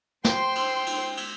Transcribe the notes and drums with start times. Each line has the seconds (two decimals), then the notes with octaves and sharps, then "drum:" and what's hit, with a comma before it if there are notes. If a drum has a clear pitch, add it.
0.25 C5 G5 C6, drum: snare
0.55 drum: cymbal
0.86 drum: cymbal
1.17 drum: cymbal